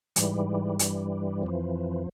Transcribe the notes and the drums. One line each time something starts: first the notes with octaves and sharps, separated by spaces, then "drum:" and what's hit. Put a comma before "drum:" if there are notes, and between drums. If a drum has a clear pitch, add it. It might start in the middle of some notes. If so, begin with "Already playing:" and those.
G#2 E3 G3, drum: hi-hat
G2 E3, drum: hi-hat
F2 E3 F3